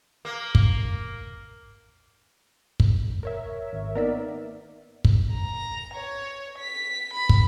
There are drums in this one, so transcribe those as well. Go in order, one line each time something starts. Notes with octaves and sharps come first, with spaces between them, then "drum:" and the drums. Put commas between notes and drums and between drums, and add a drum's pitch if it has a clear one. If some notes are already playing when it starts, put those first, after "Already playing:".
A#3
drum: kick
drum: kick
A#4 C#5 E5
G#1
A#3 B3 D#4 A#4 D5 E5
drum: kick
A#5
C#5
B6
B5
drum: kick